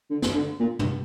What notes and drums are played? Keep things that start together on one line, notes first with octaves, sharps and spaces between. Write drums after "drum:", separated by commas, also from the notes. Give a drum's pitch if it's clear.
D3
drum: snare
D3
A#2
G2, drum: tom